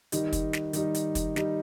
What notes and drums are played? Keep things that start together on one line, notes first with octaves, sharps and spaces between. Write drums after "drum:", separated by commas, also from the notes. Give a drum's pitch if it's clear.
D#3 G3 D#4, drum: hi-hat
drum: kick, hi-hat
drum: snare
D#3 G3 D#4, drum: hi-hat
drum: hi-hat
drum: kick, hi-hat
D#3 G3 D#4, drum: snare